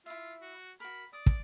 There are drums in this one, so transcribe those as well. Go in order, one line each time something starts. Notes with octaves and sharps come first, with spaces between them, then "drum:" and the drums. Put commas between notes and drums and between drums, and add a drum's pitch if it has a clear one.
E4 F4 E5
F#4
F#4 A#4 B5
D5 D#6
drum: kick